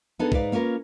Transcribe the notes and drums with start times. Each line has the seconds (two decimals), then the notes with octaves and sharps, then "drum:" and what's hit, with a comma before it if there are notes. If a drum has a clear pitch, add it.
0.19 B3 D4 D#4 G#4 A4
0.32 G#2 D#4 B4 D5 F5, drum: kick B1
0.52 A#3 C#4 F4 A#4 B4